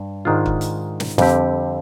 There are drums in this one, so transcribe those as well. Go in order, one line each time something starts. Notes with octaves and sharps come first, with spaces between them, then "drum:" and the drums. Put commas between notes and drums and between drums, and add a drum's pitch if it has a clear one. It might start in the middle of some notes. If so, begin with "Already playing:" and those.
Already playing: G2
G#2 D#3 G#3 D4 F4
drum: kick
drum: hi-hat
drum: snare
F2 D3 G3 C4 G4, drum: snare